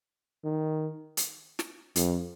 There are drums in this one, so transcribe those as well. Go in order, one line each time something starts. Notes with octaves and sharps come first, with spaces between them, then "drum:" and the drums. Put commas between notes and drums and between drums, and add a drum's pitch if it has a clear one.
D#3
drum: hi-hat
drum: snare
F2, drum: hi-hat